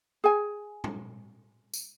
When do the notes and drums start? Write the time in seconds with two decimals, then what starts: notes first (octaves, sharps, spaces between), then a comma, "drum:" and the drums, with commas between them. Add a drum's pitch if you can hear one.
0.24 G#4 G#5
0.84 drum: tom
1.73 drum: tambourine